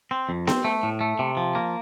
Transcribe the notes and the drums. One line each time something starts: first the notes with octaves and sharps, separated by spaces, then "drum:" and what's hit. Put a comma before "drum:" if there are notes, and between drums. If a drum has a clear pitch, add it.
C4
F2
C4, drum: snare B3
A3
A2
A3
C3
F3
A#3